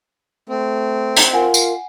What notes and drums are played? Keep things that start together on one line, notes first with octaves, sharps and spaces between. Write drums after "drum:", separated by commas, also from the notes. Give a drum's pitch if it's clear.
A3 C4
drum: hi-hat
F4 A#4 F#5 G#5
drum: tambourine